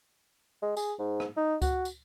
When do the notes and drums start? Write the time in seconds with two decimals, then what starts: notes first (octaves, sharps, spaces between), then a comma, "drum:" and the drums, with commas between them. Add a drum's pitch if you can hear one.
0.62 G#3
0.77 G#4, drum: tambourine
0.99 G#2
1.20 drum: rim click
1.37 D#4
1.62 F#4, drum: kick C#2, tambourine
1.85 drum: tambourine